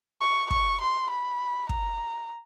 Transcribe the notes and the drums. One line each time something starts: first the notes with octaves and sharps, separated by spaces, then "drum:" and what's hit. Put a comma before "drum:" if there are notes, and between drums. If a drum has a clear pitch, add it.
C#6
C#6, drum: kick
C6
B5
A#5, drum: kick